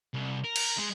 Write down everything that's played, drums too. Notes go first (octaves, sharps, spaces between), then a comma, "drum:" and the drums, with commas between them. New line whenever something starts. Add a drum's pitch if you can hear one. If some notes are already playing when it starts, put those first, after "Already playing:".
C2
A#4
drum: cymbal
G#3